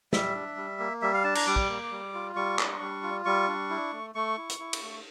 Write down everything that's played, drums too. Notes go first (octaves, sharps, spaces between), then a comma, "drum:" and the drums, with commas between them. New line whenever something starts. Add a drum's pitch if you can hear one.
G3 E5, drum: snare
D4
G3
A#3
G3 E5
F5
D4 A5
A#5, drum: cymbal
G3 D6
drum: kick
A#3
G3
F4
G3 C#6
D4, drum: clap
G3
F4
G3 C#6
D4
E4
A3
A3 C#6
E4
drum: hi-hat
E4
drum: cymbal
A3